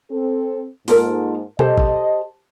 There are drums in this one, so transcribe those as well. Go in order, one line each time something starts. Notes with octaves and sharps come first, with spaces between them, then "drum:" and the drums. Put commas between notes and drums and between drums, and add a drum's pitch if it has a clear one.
C4 A4
G#2 A#3 F4 A4 A#4, drum: open hi-hat
G4 A4 C5 D#5, drum: tom B2
drum: kick